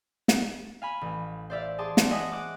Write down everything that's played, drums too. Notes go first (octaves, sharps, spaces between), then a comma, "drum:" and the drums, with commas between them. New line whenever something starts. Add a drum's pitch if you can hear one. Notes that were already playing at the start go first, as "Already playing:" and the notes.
drum: snare
F5 G#5 B5
A1
C5 D5 E5 F5
G#4 A5 C6 D6
drum: snare
D#5 E5 F#5 G#5 D#6
D6 F#6